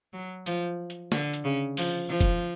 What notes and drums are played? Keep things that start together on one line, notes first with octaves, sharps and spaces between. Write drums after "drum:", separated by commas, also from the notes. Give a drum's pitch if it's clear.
F#3
F3, drum: hi-hat
drum: hi-hat
D3, drum: snare
drum: hi-hat
C#3
F3, drum: open hi-hat
F3
drum: kick, hi-hat